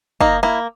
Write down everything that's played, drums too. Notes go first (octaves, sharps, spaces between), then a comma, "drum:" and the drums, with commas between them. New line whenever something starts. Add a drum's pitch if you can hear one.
A#3 D#4, drum: kick
A#3 E4